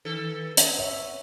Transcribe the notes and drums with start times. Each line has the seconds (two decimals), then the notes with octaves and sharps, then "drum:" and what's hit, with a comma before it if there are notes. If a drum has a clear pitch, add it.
0.05 D#3 A4
0.57 B3, drum: hi-hat
0.79 C#5 E5